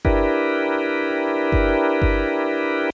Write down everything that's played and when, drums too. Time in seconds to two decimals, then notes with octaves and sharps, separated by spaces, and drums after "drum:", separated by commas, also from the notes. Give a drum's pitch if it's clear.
0.05 D4 E4 G4 A#4 B4, drum: kick G1
1.52 drum: kick G1
2.02 drum: kick G1